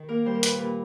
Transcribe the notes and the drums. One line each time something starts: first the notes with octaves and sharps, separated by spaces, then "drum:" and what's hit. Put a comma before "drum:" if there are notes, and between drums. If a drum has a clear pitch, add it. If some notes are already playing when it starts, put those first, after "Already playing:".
Already playing: D#3
A#3 A#4
G3 C5
A#4
A#2 B4, drum: hi-hat
A#2 A#4